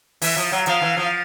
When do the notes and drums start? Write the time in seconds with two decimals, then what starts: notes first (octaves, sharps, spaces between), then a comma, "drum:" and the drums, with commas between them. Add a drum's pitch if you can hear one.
0.22 E3 E5, drum: open hi-hat
0.36 F3
0.52 F#3
0.66 F3 F5, drum: hi-hat
0.82 E3
0.97 F3